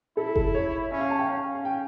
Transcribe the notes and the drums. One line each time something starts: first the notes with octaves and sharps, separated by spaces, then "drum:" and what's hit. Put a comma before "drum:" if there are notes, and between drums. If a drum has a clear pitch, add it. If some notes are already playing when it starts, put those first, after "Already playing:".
E4 A4
A4, drum: kick F#1
C#5
C#4 E5
F5
A5
G5
C#4 F5
F5
G5